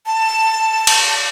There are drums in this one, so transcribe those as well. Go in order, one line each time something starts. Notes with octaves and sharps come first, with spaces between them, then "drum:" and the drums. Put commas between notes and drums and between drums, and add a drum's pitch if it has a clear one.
A5
drum: cymbal